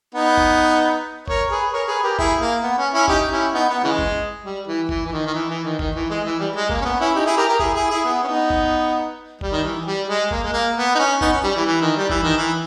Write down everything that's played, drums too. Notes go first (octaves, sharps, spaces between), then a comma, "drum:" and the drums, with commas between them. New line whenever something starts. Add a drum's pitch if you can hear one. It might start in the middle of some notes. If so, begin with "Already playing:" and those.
B3 D#4
drum: kick G1
A#4 C#5, drum: kick G1
G#4 B4
A#4 C#5
G#4 B4
G4 A#4
E4 G#4, drum: kick G1
A#3
B3
C#4
C#4 E4
D#4 G4, drum: kick G1
C#4 E4
B3 D#4
B3
C#3 E3 G#3
drum: kick G1
G3
E3
E3, drum: kick G1
E3
D#3
D#3
E3
E3
D#3
D#3, drum: kick G1
E3
G#3
E3
G3
G#3
A#3, drum: kick G1
C#4
B3
C#4 E4
D#4 G4
E4 G#4
G4 A#4
G4 A#4
E4 G#4, drum: kick G1
E4 G#4
E4 G#4
B3
C#4
B3 D#4
drum: kick G1
G3, drum: kick G1
D#3
E3
G3
G#3
A#3, drum: kick G1
G#3
A#3
B3
D#4
C#4
B3 D#4, drum: kick G1
C#4
G3
E3
E3
D#3
G3
E3, drum: kick G1
D#3
E3